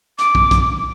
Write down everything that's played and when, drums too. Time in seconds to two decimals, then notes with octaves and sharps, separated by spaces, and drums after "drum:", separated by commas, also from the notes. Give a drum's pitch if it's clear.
0.19 D6, drum: hi-hat
0.35 drum: kick
0.51 drum: kick, hi-hat